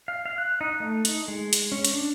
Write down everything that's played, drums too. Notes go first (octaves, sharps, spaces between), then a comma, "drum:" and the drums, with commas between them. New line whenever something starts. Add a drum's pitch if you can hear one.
F5
F5
F#6
D#4
A3
D#4, drum: hi-hat
G#3
drum: hi-hat
C#4
drum: hi-hat
D4